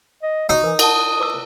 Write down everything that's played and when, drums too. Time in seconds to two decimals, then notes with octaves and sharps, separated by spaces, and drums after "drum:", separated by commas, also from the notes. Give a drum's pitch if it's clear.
0.23 D#5
0.49 D#4 F#4
0.64 E3 A#4
0.79 A#4 F#5 A5 D#6, drum: cymbal
1.20 B4 D6 E6